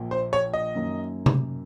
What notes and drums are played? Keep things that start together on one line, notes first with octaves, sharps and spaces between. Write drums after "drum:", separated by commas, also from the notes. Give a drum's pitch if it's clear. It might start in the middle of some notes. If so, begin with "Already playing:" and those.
Already playing: A#1 A#2 F3 A#3
C5
C#5
D#5
F#2 D#3 A#3
drum: tom C3